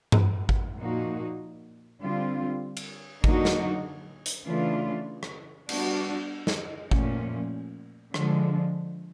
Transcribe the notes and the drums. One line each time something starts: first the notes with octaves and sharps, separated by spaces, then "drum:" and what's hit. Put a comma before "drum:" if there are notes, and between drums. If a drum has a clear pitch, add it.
drum: tom G2
drum: kick G#1
A#2 F3 A#3 D#4 F#4
D3 G3 C4 F4
drum: cymbal
D3 F#3 A#3 D#4 F#4, drum: kick G#1
drum: snare
drum: hi-hat
C#3 E3 A3 D4 F4
drum: rim click
G3 B3 D4 F#4, drum: cymbal
drum: snare
A#2 F3 A3 C#4, drum: kick G#1
D3 F3 G#3, drum: rim click